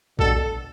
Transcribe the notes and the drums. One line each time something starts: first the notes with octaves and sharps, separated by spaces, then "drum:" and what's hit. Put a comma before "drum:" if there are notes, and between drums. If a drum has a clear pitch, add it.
B2 G3 D4 A4, drum: kick